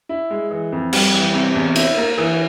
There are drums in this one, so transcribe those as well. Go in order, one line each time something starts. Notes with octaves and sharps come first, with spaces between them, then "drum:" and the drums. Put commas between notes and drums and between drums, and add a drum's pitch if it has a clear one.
E4
G#3
E3
F2
G3, drum: cymbal
E3
C3
E2
E4, drum: cymbal
A#3
E3